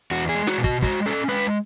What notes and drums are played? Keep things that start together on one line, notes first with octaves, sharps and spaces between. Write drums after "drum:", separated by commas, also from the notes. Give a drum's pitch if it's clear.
E2 F#4
G#4
G#3
F#4, drum: snare
B2
F#4, drum: kick
G#3 F#4, drum: kick
C#4 A4
G#3 B4